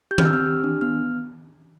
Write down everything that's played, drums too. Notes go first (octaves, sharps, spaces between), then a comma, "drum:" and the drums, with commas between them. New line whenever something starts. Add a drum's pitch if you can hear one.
G4 G6
F6, drum: tom D#3
E6
C4 F6
G4
D4
B3 F6